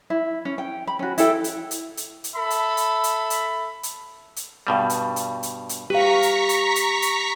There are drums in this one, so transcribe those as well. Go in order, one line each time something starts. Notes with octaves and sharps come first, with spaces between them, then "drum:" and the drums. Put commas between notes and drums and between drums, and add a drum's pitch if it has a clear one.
E4
C#4
G5
B5
C#4 F#4
E4 A4 G5, drum: hi-hat
drum: hi-hat
drum: hi-hat
drum: hi-hat
drum: hi-hat
A4 E5 B5
drum: hi-hat
drum: hi-hat
drum: hi-hat
drum: hi-hat
drum: hi-hat
drum: hi-hat
G2 B2 G3
drum: hi-hat
drum: hi-hat
drum: hi-hat
drum: hi-hat
G4 B4 F5 A#5 C#6 B6
drum: hi-hat
drum: hi-hat
drum: hi-hat
drum: hi-hat